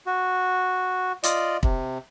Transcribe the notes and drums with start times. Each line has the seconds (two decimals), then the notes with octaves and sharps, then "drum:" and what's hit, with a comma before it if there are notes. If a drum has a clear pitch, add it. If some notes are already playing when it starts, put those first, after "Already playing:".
0.06 F#4
1.24 F4 D5 D#5, drum: hi-hat
1.63 C3, drum: kick